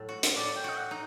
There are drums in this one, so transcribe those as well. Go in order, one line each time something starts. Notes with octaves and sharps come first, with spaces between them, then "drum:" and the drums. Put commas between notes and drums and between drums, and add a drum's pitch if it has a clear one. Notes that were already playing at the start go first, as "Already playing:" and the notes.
Already playing: A2 F#3
F#4
drum: hi-hat
A2 D5
G5
F#4 D#5
F#5
D#4